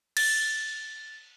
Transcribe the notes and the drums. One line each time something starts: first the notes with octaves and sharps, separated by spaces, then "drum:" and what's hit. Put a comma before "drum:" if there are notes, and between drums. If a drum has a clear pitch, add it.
A6, drum: cymbal